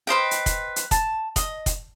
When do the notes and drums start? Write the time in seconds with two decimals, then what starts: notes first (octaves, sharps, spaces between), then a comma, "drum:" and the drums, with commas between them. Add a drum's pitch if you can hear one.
0.07 B4 C5 D#5 G5
0.31 drum: hi-hat
0.46 drum: kick F1, hi-hat
0.76 drum: hi-hat
0.91 A5, drum: kick F1, hi-hat
1.36 D#5, drum: kick F1, hi-hat
1.66 drum: kick F1, hi-hat